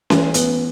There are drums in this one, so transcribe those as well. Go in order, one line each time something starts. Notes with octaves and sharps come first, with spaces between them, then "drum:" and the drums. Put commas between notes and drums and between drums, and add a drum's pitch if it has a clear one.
E3, drum: snare C#4
B3, drum: hi-hat